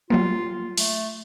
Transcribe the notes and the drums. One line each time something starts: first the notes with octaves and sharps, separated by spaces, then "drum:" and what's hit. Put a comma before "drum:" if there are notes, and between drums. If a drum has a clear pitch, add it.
F#3 G3 A#3 F4
A3, drum: open hi-hat